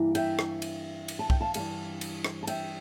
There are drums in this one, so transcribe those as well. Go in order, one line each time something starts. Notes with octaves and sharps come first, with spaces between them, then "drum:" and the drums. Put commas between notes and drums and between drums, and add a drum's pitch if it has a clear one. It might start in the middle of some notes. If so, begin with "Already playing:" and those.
Already playing: G2 E3 A#3
E5 G5, drum: cymbal
drum: rim click
drum: cymbal
drum: cymbal
A5
G5, drum: kick
F5 A5
G2 E3 G3 F5 A5, drum: cymbal
drum: cymbal
drum: rim click
A5
E5 G5, drum: cymbal